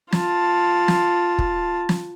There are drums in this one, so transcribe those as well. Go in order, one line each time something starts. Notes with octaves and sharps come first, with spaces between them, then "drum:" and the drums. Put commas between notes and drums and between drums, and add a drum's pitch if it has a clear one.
F4 A5, drum: snare
drum: snare
drum: kick
drum: snare